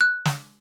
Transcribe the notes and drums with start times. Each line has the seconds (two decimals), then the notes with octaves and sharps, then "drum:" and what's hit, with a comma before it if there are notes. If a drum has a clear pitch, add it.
0.01 F#6
0.25 drum: snare